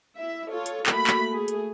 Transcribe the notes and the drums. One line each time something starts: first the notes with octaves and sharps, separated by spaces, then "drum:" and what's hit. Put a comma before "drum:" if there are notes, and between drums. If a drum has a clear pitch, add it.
E4 E5
F4 A4 C#5
drum: hi-hat
A3 A#3 F#4 B5, drum: clap
drum: clap
A3 G#4
drum: hi-hat